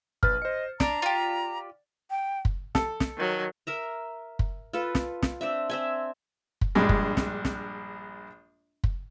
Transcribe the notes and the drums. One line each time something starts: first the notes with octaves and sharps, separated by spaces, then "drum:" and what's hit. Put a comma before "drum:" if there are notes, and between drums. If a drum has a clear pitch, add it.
A#1 B4 F6 A6, drum: kick
C5 D#5 C#7
D4 D5 A#5, drum: snare
F4 G4
G5
drum: kick
A4, drum: snare
drum: snare
D#3 F#3
A#4 E5 A#5
drum: kick
F4 A4 B4
drum: snare
drum: snare
C4 D4 E5
C4 E5 G#5
drum: kick
A#1 G2 G#3
drum: kick
drum: snare
drum: snare
drum: kick